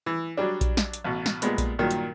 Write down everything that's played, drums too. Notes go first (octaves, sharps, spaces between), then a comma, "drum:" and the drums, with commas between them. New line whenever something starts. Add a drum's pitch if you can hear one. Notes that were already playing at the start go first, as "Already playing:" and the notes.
E3
F#3 G3 D4
drum: kick A#1, hi-hat
drum: snare
drum: hi-hat
A1 B2
drum: snare
A#2 G3 G#3 B3, drum: hi-hat
drum: kick A#1, hi-hat
G2 A#2 D#3 F#3
drum: hi-hat